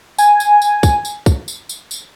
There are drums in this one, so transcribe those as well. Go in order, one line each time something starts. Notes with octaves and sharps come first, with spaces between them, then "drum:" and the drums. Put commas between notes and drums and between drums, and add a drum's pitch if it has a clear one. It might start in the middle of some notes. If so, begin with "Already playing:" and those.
G#5, drum: tambourine
drum: tambourine
drum: tambourine
drum: kick, tambourine
drum: tambourine
drum: kick, tambourine
drum: tambourine
drum: tambourine
drum: tambourine